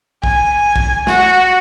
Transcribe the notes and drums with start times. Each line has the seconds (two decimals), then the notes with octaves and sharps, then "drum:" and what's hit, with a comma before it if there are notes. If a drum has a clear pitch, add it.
0.24 G#5, drum: kick
0.76 drum: kick
1.07 F#4, drum: snare